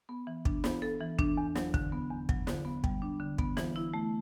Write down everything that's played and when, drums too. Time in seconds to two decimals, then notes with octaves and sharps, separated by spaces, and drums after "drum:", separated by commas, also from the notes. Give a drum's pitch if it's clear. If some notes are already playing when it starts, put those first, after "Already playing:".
0.09 B3
0.27 E3
0.45 D4, drum: kick
0.64 B3, drum: snare
0.82 A4
1.00 E3
1.19 D4, drum: kick
1.38 E2
1.55 F#3, drum: snare
1.74 D3, drum: kick
1.92 B3
2.11 E2
2.29 F#3, drum: kick
2.47 D3, drum: snare
2.65 B3
2.84 G3, drum: kick
3.02 D4
3.20 D3
3.38 B3, drum: kick
3.57 E3, drum: snare
3.76 E4
3.94 A3